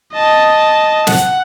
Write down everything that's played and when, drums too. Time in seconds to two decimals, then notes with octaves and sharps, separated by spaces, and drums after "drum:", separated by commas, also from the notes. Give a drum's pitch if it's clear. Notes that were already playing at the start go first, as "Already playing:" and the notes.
0.13 D#5 A5
1.07 F#5, drum: snare